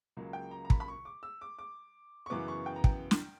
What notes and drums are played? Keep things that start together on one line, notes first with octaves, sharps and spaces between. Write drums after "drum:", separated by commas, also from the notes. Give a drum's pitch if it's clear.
C#2 C#3 F#3 A#3
G5
A#5
A#5
B5, drum: kick
B5
C#6
D6
E6
D6
D6
C#6
F#2 C#3 E3 B3 D6
C#6
G5
A#5
G5, drum: kick
drum: snare